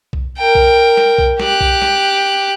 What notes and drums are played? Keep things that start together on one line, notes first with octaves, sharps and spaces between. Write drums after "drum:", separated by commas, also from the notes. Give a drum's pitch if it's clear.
drum: kick B1
A#4 G5
drum: kick B1
drum: snare
drum: kick B1
G4 F#6, drum: snare
drum: kick B1
drum: snare